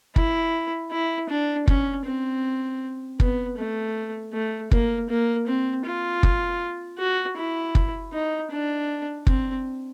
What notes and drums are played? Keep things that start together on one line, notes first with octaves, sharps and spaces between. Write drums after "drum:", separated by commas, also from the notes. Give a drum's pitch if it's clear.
E4, drum: kick
E4
D4
C#4, drum: kick
C4
B3, drum: kick
A3
A3
A#3, drum: kick
A#3
C4
F4
drum: kick
F#4
E4
drum: kick
D#4
D4
C4, drum: kick